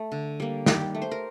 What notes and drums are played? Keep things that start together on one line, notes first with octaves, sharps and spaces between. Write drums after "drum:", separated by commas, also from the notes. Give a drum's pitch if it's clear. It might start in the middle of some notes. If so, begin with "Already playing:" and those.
Already playing: A3
D3
G3 A#3
D#3 G3 G4, drum: snare
A3
C5
A#4